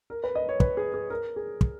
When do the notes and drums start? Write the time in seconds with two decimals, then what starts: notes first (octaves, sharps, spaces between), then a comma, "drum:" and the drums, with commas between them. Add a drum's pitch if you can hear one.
0.10 A#4
0.24 B4
0.35 D#5
0.49 C#5
0.60 B4, drum: kick
0.77 G#4
0.94 G#4
1.10 A#4
1.36 G#4
1.61 drum: kick